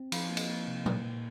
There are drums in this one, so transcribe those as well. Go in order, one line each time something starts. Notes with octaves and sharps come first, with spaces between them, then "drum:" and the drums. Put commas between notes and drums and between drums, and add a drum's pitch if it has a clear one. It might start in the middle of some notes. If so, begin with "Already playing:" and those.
Already playing: C4
F3 F5, drum: cymbal
A#3
D#5, drum: cymbal
A#3
C3
A#3, drum: tom A#2
A#2